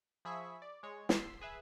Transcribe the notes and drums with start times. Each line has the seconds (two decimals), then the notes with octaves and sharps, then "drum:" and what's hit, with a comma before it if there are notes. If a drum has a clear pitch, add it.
0.25 F3 G#4 E5 B5 C#6 B6
0.62 D5
0.83 G#3 C#5
1.09 C6 E6 B6 C7, drum: snare
1.41 G#4 B4 E5